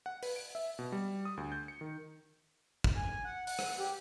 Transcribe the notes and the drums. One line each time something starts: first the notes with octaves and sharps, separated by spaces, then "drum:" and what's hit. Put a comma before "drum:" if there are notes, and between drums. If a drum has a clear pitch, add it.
F#5
B4, drum: open hi-hat
D7
E5
B2
G3
D#6
D2
G6
C#7
D#3
drum: kick
G#5
F#5
F#5, drum: open hi-hat
drum: rim click
G4